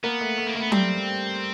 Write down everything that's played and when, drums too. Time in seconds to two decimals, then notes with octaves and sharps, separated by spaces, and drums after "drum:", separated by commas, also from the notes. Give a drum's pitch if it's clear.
0.04 A#3 B3
0.21 A3
0.38 A3
0.47 A#3
0.55 A3 B3
0.72 G3 C4, drum: tom F#3